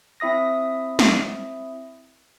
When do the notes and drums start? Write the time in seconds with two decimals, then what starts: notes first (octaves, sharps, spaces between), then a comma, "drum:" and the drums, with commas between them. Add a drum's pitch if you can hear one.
0.20 C4 E4 E5 D#6 A#6
0.99 drum: snare